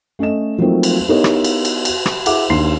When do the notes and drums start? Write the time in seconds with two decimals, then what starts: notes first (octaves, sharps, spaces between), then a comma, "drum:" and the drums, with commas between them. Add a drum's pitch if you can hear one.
0.19 A3 C#4 A4 D#5 E7
0.58 F3 F#3 A3 A#3 C4 D#4
0.83 drum: cymbal
1.08 B3 D#4 E4 G4 A#4 C#5
1.24 drum: rim click
1.44 drum: cymbal
1.65 drum: cymbal
1.85 drum: cymbal
2.06 drum: rim click
2.26 E4 G#4 E5 F#5 D6, drum: cymbal
2.50 D#2 D4 C6 C7